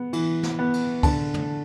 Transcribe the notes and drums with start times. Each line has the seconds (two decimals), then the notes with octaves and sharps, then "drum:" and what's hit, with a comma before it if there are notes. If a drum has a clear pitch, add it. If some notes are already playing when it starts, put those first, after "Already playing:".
Already playing: B3
0.13 E3, drum: cymbal
0.43 drum: snare
0.59 B3
0.73 drum: cymbal
1.03 D3 A5, drum: kick, cymbal
1.34 drum: tom